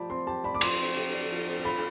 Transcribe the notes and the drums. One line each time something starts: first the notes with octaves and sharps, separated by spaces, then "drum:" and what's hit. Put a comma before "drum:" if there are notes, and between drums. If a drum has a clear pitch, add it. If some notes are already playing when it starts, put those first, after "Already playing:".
Already playing: F3 G4 D5 A5 B5
C4 C6
G4 A5
D5 B5
D6
F3 C6, drum: cymbal
C4
G4
D5
F3
C4
F4 B5